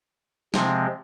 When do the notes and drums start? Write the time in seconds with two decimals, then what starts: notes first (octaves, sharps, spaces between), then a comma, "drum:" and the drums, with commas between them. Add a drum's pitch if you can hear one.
0.54 C3 F3 G#3 C4, drum: snare